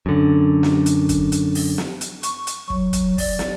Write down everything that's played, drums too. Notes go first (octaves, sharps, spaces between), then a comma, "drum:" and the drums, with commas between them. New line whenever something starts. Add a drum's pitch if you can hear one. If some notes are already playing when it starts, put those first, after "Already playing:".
F#2 D3
drum: snare
drum: hi-hat
drum: kick, hi-hat
drum: hi-hat
drum: open hi-hat
drum: snare
drum: hi-hat
C#6, drum: hi-hat
drum: hi-hat
F#3, drum: kick
drum: kick, hi-hat
D5, drum: kick, open hi-hat
drum: snare